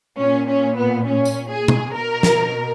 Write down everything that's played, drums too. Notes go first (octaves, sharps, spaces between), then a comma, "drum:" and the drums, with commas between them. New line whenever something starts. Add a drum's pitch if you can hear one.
A#2 C#4
C#4
B3
C#4
drum: tambourine
G#4
drum: tom
B2 A#4
drum: snare